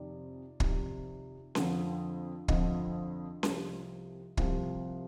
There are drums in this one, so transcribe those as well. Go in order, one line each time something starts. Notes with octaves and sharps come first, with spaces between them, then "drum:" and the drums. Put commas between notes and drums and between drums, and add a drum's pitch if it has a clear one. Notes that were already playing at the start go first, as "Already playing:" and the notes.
Already playing: F2 C3 D#3 D5
F2 C3 D#3, drum: kick
F2 D3 F3, drum: snare C#4
F2 D3 F3 D#5, drum: kick
C2 C3 F3, drum: snare C#4
C2 C3 F3, drum: kick